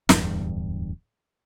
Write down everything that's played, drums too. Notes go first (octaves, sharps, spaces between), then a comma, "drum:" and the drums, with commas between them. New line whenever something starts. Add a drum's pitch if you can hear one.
D1 E2 G2, drum: snare